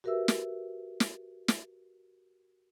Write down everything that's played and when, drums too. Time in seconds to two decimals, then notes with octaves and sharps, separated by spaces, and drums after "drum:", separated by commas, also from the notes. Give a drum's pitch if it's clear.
0.04 F#4 G4 A#4 B4 E5 E6
0.28 drum: snare
1.00 drum: snare
1.48 drum: snare